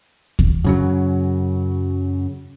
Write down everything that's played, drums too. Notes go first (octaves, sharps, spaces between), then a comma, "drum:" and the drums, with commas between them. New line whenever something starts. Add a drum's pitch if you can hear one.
drum: kick D#2
F#2 C#3 F#3